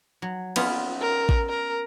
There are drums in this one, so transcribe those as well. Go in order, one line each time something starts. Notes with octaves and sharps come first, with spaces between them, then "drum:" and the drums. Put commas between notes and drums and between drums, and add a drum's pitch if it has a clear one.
F#3
B3 C#4 F4, drum: cymbal
A#4
drum: kick A1
A#4